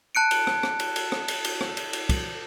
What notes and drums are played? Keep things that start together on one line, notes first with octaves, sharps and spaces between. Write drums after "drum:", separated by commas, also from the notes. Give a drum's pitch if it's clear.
A5 F#6 C#7 D7
drum: cymbal
drum: rim click
drum: rim click
drum: cymbal
drum: cymbal
drum: rim click
drum: cymbal
drum: cymbal
drum: rim click
drum: cymbal
drum: cymbal
drum: kick, cymbal